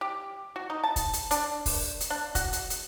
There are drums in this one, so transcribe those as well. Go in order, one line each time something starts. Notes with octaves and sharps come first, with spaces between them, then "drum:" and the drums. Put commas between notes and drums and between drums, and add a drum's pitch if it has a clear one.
G4
F#4
D#4
A5
drum: kick, hi-hat
drum: hi-hat
D4, drum: hi-hat
drum: kick, open hi-hat
drum: hi-hat
D4
F#4, drum: kick, hi-hat
drum: hi-hat
drum: hi-hat